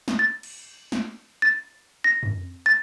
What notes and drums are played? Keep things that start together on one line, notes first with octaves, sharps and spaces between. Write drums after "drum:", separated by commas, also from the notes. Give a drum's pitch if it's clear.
drum: snare
A6
drum: cymbal
drum: snare
A6
A#6
drum: tom
A6